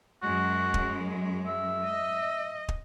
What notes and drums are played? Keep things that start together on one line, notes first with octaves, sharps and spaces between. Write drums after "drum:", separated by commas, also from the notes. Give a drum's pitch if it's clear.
F#2 F#3 G#3 F#4
drum: kick
E5
D#5
drum: kick